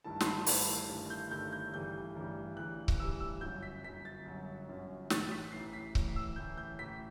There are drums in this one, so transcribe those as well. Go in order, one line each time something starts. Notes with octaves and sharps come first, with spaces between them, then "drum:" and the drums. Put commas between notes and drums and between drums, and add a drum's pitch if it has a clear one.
G1 G2 D#3 A3 E4 A5
C6, drum: snare
B5
G1 G2 D#3 A3 E4, drum: open hi-hat
G1 G2 D#3 A3 E4
G6
G1 G2 D#3 A3 E4 G6
G6
A1 G2 E3 G3 G6
A1 G2 E3 G3
A1 G2 E3 G3 F#6
drum: kick C#1
A1 G2 E3 G3 E6
E6
G1 F#2 F#3 G6
B6
G1 F#2 F#3 B6
A6
G1 F#2 F#3
G1 F#2 F#3
A1 A2 E3 A6, drum: snare
B6
A1 A2 E3 C7
B6
A1 A2 E3, drum: kick C#1
E6
A1 A2 E3 G6
G6
A1 A2 E3 B6